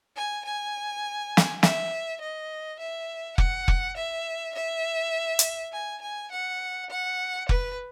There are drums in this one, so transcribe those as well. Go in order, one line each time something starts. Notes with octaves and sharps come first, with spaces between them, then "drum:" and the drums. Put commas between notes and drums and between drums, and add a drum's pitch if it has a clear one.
G#5
G#5
drum: snare
E5, drum: snare
D#5
E5
F#5, drum: kick F1
drum: kick F1
E5
E5
drum: hi-hat
G#5
G#5
F#5
F#5
B4, drum: kick F1